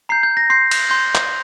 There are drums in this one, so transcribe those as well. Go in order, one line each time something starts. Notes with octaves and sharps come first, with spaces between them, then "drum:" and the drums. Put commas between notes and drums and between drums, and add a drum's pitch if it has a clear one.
A#5 G6 C7
G6
A#6
C6 G6 C7
drum: cymbal
C6 G6
drum: clap